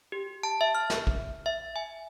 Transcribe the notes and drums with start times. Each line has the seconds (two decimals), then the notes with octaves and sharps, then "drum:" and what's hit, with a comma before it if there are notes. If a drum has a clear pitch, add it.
0.12 G4
0.43 A5
0.61 E5
0.75 F6
0.90 drum: snare
1.07 drum: kick
1.46 E5
1.76 G#5